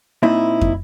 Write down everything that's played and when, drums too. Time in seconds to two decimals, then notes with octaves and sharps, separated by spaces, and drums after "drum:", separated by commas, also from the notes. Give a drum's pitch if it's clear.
0.23 A#2 C4 D#4 E4
0.61 drum: kick